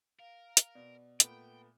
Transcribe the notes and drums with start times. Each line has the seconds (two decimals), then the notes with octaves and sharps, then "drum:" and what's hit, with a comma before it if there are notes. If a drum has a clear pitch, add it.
0.19 A#4 F5
0.57 drum: hi-hat
0.75 B2 D5
1.20 A#2 A3 B3 G5 B5, drum: hi-hat